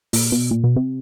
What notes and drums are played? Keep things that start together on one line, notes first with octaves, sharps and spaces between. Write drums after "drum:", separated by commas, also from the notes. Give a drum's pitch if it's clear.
A#2, drum: open hi-hat
B2
A#2
B2
C3